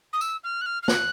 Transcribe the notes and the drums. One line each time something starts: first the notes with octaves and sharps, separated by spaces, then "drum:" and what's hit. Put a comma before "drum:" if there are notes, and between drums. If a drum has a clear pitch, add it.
D#6
E6, drum: tambourine
F6
F#6
F6
F6
F#6, drum: snare